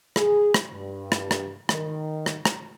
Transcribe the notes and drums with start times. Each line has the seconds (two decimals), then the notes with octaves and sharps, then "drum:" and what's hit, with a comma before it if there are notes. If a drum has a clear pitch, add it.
0.16 G#4, drum: rim click
0.54 drum: rim click
0.72 G2
1.12 drum: rim click
1.31 drum: rim click
1.69 D#3, drum: rim click
2.26 drum: rim click
2.45 drum: rim click